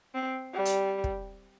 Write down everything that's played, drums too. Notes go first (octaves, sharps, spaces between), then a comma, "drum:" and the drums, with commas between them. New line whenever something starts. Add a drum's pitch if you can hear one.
C4
G3
drum: hi-hat
drum: kick